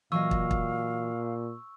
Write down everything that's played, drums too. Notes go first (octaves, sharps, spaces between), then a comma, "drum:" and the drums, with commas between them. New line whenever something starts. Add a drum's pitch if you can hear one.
A#2 E3 F#3 D#5 F5 C#6 E6
drum: kick
drum: kick